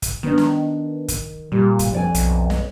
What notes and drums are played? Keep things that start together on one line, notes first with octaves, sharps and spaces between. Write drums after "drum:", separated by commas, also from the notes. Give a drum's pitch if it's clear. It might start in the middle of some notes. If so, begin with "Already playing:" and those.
drum: kick, hi-hat
D#3 B3 D4
drum: snare
drum: kick, hi-hat
A#2 G3
drum: kick, hi-hat
F2 D5 G#5
B1, drum: hi-hat
drum: snare